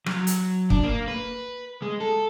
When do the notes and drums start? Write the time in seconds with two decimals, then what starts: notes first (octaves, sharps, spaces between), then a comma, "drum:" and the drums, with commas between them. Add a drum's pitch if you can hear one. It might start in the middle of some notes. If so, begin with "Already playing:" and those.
0.06 F#3, drum: rim click
0.27 drum: hi-hat
0.70 D4, drum: kick
0.84 A#3
1.08 B4
1.82 G#3
2.00 A4